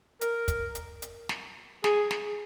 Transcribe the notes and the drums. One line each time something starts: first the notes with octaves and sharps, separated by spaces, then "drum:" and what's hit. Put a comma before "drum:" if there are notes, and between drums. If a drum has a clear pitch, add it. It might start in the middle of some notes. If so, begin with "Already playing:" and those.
A#4, drum: hi-hat
drum: kick, hi-hat
drum: hi-hat
drum: hi-hat
drum: snare
G#4, drum: snare
drum: snare